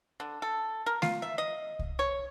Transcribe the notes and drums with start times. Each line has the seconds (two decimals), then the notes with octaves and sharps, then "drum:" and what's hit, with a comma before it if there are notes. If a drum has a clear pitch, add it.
0.20 D3
0.42 A4
0.86 A#4
1.02 F4, drum: snare A3
1.22 E5
1.38 D#5
1.79 drum: kick C2
1.99 C#5